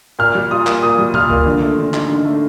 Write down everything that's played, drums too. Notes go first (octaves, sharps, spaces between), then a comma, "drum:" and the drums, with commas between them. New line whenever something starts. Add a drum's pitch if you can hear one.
A#2 F6
G3
F4 D#6
A#3, drum: clap
A#2 D#6
G3
F4 F6, drum: tom A#2
A#3, drum: kick C#2
D3
A3
D3
D#4, drum: clap
D3
A3